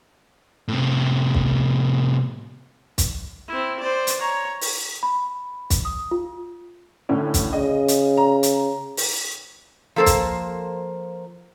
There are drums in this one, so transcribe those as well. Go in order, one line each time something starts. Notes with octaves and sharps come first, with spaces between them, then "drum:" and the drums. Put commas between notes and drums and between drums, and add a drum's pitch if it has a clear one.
A2 C3
drum: kick
drum: kick, hi-hat
C4 E4
C5 D5
drum: hi-hat
C#5 A#5
drum: open hi-hat
B5
drum: kick, hi-hat
D#6
F4
A2 D3 C#4
drum: kick, hi-hat
C#3 D#5
drum: hi-hat
A#5
drum: hi-hat
drum: open hi-hat
F3 A#3 A4 A#4 C5
drum: kick, hi-hat